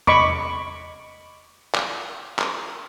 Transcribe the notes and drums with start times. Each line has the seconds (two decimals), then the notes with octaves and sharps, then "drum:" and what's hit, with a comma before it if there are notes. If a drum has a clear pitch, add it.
0.07 D#5 B5 C#6 D6, drum: tom
1.75 drum: clap
2.39 drum: clap